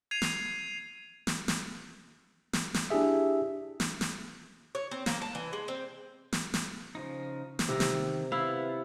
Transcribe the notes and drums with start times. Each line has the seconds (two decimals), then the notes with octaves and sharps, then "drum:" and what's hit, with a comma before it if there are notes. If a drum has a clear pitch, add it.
0.11 G#6 C7 D#7 F7
0.22 drum: snare
1.27 drum: snare
1.48 drum: snare
2.53 drum: snare
2.74 drum: snare
2.90 D4 E4 G4 G#4 E5
3.80 drum: snare
4.01 drum: snare
4.75 C#5
4.91 C4
5.06 A#3, drum: snare
5.21 A5
5.35 E3
5.53 G#3
5.68 C4
6.33 drum: snare
6.54 drum: snare
6.95 C#3 F3 D#4
7.59 drum: snare
7.69 C3 D#3 A#5
7.80 drum: snare
8.32 B3 E4 F4 F5